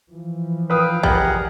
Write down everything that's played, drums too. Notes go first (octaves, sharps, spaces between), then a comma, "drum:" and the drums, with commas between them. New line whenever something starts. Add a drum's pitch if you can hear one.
E3 F3
B4 F5 G5 D#6
G3 G#4 A#4 F#5, drum: kick A1